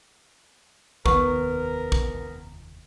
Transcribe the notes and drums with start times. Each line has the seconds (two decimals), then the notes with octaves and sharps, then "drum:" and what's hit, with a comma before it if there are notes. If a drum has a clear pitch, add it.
1.06 F1 D#2 D#3 B3 A#4 C#6, drum: kick
1.92 drum: kick